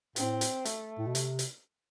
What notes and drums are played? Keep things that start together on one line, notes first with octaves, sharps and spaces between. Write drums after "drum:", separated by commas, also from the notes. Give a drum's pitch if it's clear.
A2 C4, drum: hi-hat
drum: hi-hat
A3, drum: hi-hat
A2
B2
C3, drum: hi-hat
drum: hi-hat